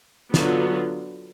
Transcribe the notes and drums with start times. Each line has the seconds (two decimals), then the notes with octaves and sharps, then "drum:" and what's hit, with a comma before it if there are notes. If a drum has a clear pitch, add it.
0.34 D3 F#3 B3 F4, drum: snare